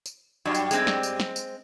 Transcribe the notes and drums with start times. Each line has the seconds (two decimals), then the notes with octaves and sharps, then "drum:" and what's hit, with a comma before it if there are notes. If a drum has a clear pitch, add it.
0.06 drum: tambourine
0.45 F#2 F#3 G3 D4
0.54 drum: tambourine
0.71 G#3 C4, drum: tambourine
0.87 drum: snare
1.03 drum: tambourine
1.20 drum: snare
1.36 drum: tambourine